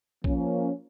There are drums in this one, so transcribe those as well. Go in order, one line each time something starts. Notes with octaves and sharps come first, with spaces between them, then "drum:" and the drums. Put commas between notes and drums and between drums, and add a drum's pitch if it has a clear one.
F3 A#3 C#4, drum: kick A#1